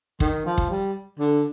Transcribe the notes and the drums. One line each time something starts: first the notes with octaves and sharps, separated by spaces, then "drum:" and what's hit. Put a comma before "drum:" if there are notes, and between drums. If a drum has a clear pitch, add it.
D#3, drum: kick
F3
drum: kick
G3
D3